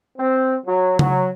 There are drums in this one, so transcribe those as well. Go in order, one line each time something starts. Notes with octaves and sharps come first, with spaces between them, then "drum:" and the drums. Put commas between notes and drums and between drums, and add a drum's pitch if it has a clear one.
C4
F#3
F#3, drum: tom C#3